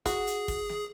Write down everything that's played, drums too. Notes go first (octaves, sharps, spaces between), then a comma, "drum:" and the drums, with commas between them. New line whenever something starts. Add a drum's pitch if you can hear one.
F#4 G#4, drum: kick, hi-hat
drum: hi-hat
drum: kick, open hi-hat
drum: snare